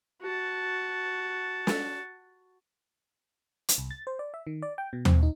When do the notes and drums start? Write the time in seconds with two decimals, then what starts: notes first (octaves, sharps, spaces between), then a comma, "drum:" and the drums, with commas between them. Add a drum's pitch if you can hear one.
0.22 F#4 A5
1.67 drum: snare
3.69 drum: hi-hat
3.78 C2
3.91 A6
4.07 C5
4.19 D5
4.34 E5
4.47 D#3
4.62 D5
4.78 G5
4.93 B2
5.05 C4, drum: tom D#2
5.23 D#4